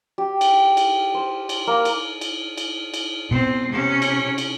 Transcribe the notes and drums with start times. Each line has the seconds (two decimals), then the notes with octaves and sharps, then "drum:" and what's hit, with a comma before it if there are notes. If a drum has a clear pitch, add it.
0.18 G4
0.41 drum: cymbal
0.77 drum: cymbal
1.14 C5
1.49 drum: cymbal
1.67 A#3
1.85 drum: cymbal
2.21 drum: cymbal
2.58 drum: cymbal
2.94 drum: cymbal
3.31 B2 C4
3.69 C3 C#4
4.02 drum: cymbal
4.38 drum: cymbal